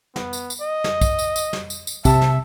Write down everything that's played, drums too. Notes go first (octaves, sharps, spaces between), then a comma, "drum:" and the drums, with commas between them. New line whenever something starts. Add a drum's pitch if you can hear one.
B3, drum: snare
drum: tambourine
drum: tambourine
D#5
drum: snare
drum: kick, tambourine
drum: tambourine
drum: tambourine
drum: snare
drum: tambourine
drum: tambourine
C3 E5 A5, drum: kick, tambourine
drum: snare